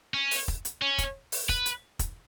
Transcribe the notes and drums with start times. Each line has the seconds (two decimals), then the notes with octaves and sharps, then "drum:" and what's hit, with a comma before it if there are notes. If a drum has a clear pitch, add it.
0.14 C#4
0.31 drum: open hi-hat
0.48 drum: kick
0.65 drum: hi-hat
0.82 C#4
0.98 drum: kick, hi-hat
1.32 drum: open hi-hat
1.49 B4, drum: kick
1.66 drum: hi-hat
1.99 drum: kick, hi-hat